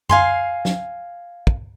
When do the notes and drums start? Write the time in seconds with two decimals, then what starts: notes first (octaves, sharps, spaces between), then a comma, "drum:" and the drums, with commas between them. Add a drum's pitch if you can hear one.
0.09 F5 G#5 C6, drum: tom F#2
0.65 drum: snare
1.47 drum: kick